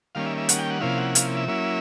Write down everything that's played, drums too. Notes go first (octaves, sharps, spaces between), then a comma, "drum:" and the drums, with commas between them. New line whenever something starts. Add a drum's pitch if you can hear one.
D#3 G3 A#3 C#4 F5
E5
E5
F#5, drum: hi-hat
G5
F#5
C3 F3 A#3 C#4 E4 F5
F#5
F5, drum: hi-hat
E5
F#3 A#3 C#4 E4